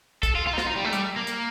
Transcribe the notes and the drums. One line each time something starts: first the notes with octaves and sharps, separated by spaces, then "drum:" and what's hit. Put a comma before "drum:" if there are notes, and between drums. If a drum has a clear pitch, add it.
A4, drum: kick, hi-hat
F4
F4
D#4
F4, drum: snare
D#4
G3
A3
G3, drum: hi-hat
A#3
drum: hi-hat